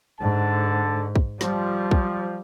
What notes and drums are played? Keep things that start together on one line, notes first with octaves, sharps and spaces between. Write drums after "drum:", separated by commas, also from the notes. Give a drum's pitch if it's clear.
G#2 D3 A5
drum: kick
F3 G3, drum: snare
drum: kick